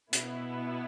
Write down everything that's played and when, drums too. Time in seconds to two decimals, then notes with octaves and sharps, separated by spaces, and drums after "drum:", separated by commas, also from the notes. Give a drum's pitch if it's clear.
0.13 B2 B3 E4, drum: hi-hat